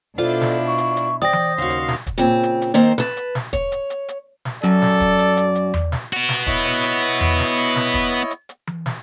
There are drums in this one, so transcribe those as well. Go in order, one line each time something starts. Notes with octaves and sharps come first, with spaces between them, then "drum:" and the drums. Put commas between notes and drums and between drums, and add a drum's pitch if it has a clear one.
B2 D4 E4 F4 A4 C5 D5
drum: snare
C#6
drum: hi-hat
drum: hi-hat
C5 D5 G5 D#6 A#6
drum: tom E3
D#2 C#3 F#4 F5 C6
drum: hi-hat
drum: snare
drum: kick, hi-hat
A#2 C#3 C4
drum: hi-hat
drum: hi-hat
D#3 A#3 C4 D#4 C5
B4 A5, drum: snare
drum: hi-hat
drum: snare
C#5, drum: kick, hi-hat
drum: hi-hat
drum: hi-hat
drum: hi-hat
drum: snare
F#2 F#3 A4 D5, drum: hi-hat
drum: snare
drum: kick, hi-hat
drum: hi-hat
drum: hi-hat
drum: hi-hat
drum: tom E2
drum: snare
B3 F#4, drum: hi-hat
drum: snare
E4 C#5 D#5, drum: kick, hi-hat
drum: hi-hat
drum: hi-hat
drum: hi-hat
drum: tom E2
drum: snare
drum: hi-hat
drum: snare
drum: kick, hi-hat
drum: hi-hat
drum: hi-hat
drum: hi-hat
drum: tom E3
drum: snare